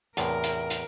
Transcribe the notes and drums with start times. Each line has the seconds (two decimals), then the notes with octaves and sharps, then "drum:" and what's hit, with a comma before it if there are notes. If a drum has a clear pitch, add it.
0.17 E2 A2 C3 A#4, drum: hi-hat
0.44 drum: hi-hat
0.70 drum: hi-hat